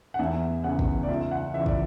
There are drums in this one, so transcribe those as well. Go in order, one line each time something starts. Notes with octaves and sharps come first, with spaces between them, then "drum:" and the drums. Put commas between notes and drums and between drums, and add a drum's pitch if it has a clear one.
F#5
E2 E5
C#3 E3 F#5
drum: kick
D5
C#2 E5
F#5
C#3 E3 E5
D5, drum: kick